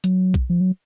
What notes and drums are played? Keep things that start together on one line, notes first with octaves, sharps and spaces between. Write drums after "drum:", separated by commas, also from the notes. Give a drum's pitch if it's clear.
F#3, drum: hi-hat
drum: kick B1
F3
F#3